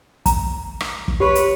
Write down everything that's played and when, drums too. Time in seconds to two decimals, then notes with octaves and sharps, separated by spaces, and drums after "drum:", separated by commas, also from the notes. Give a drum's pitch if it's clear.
0.26 A#5, drum: kick, hi-hat
0.80 drum: rim click
1.08 drum: kick
1.20 G4 B4 C#5
1.35 drum: hi-hat